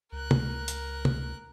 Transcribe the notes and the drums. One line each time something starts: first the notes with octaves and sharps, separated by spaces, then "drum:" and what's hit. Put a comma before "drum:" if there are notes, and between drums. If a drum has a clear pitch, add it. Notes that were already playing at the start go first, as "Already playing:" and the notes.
C#2 A#4 F#6
drum: tom
drum: hi-hat
drum: tom